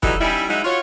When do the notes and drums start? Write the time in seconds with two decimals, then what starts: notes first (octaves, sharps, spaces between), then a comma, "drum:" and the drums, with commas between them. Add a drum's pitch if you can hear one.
0.03 E3 F#3 G3 D#4 F#4 A4, drum: kick
0.20 G3 C#4 D#4 E4
0.49 F#3 G#3 D#4 E4
0.65 F4 F#4 C#5